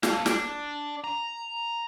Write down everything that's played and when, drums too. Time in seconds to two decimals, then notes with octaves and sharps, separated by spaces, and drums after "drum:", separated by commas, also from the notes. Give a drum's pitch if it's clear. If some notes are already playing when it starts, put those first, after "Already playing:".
0.03 A4 F5, drum: snare
0.26 D4, drum: snare
1.04 A#5